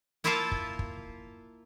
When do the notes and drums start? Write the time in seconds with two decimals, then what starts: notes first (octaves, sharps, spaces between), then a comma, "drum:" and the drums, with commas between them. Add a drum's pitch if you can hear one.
0.24 A#3 E4 F4 E5 F5 A5
0.52 drum: kick
0.79 drum: kick